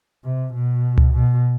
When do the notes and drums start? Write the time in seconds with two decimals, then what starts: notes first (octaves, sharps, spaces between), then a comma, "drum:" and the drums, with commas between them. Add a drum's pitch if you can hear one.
0.24 C3
0.54 B2
0.98 drum: tom C#2
1.12 B2